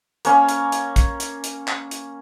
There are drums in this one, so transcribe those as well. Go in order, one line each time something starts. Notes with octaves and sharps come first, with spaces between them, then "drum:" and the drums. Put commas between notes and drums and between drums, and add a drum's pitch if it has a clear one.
A#3 C#4, drum: hi-hat
drum: hi-hat
drum: hi-hat
drum: kick, hi-hat
drum: hi-hat
drum: hi-hat
drum: clap
drum: hi-hat